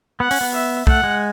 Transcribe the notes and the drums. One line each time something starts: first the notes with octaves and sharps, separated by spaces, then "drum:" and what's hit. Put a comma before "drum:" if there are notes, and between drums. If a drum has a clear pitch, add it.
B3 F#5
C#4, drum: open hi-hat
B3
E5
A3 F#5, drum: kick
G#3